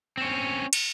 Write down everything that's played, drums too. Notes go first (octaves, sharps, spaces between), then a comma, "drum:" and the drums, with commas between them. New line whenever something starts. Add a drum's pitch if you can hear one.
C4 C#4
drum: cymbal